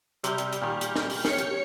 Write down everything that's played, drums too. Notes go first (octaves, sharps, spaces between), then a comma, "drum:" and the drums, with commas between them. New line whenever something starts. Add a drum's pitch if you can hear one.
C3 G3 G4 F6 G6, drum: hi-hat
drum: hi-hat
drum: hi-hat
A#2 D#3
drum: hi-hat
drum: snare
drum: open hi-hat
C#5 C#7, drum: snare
drum: hi-hat